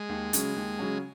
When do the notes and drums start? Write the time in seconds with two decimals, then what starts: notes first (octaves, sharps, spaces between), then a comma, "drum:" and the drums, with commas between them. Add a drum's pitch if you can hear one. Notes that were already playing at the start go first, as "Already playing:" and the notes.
Already playing: G#3
0.09 D#2
0.33 C#3 F#3 C#4, drum: hi-hat
0.56 D#2
0.79 C#3 F#3 C#4